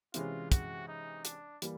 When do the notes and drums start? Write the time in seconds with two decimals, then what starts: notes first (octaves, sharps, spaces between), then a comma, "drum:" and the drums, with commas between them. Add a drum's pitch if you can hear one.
0.14 C3 E3 G#3 C#4 F4, drum: hi-hat
0.52 F#4, drum: kick, hi-hat
0.88 D#4
1.25 D4, drum: hi-hat
1.62 E3 G3 A#3, drum: hi-hat